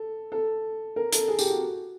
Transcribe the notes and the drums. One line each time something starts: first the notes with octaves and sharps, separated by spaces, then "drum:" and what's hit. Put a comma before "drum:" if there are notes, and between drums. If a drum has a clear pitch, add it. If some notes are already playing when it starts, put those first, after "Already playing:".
Already playing: A4
A4
A#4
A4, drum: hi-hat
G#4
G4, drum: tambourine
F#4